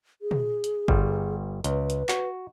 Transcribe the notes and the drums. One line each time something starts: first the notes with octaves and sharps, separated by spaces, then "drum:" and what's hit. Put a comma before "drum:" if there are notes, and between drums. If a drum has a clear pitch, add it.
G#4
drum: tom
drum: hi-hat
G1 G3, drum: kick G1
C#2 B4, drum: hi-hat
drum: hi-hat
F#4, drum: clap